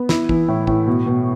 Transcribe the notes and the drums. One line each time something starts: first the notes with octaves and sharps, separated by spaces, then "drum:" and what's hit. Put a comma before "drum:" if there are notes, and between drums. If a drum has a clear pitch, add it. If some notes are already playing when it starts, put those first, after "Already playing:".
Already playing: B3
E4, drum: snare
E3, drum: kick
A2
A2, drum: kick
B2
B2